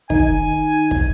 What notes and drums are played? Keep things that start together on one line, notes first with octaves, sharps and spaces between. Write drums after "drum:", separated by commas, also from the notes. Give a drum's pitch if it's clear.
D#3 D#4 G#5, drum: kick
drum: kick